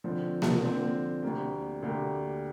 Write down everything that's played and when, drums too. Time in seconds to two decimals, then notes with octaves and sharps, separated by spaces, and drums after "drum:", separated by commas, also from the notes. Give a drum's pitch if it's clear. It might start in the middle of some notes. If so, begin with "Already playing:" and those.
0.04 D3 F3 C4
0.42 drum: snare A#3
0.63 D3 F3 C4
1.23 D2 D3 A#3 G4
1.82 D2 D3 A#3 G4